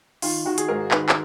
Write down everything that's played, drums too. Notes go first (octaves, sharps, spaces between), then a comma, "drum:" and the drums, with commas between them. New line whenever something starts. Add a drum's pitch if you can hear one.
D#3 F4, drum: open hi-hat
D#3 F#4
G#4, drum: hi-hat
G#2 A#4
D#3 B4, drum: clap
drum: clap